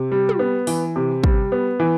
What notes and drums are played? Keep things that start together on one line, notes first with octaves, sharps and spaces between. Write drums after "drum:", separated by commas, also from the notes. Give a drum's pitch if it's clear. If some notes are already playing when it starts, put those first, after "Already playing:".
Already playing: C3
G3
drum: tom
B3
E3, drum: open hi-hat
C3
G3, drum: kick
B3
E3